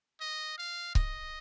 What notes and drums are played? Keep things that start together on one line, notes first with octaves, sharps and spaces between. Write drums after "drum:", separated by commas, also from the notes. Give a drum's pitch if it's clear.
D#5
F5
D#5, drum: kick C#1